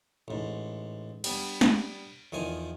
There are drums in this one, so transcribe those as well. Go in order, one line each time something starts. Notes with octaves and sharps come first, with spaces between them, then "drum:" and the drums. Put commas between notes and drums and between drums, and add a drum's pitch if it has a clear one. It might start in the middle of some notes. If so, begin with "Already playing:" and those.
A1 G#2
G3 B3 D4, drum: cymbal
drum: snare
E2 D#3 F3 G#5